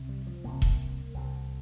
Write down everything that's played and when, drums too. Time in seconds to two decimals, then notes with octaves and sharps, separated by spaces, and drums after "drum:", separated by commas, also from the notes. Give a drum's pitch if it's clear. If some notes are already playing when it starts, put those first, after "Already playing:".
Already playing: C2 C3
0.09 G3
0.27 F3
0.44 C2 C3 A#3
0.62 drum: kick E1
1.14 C2 C3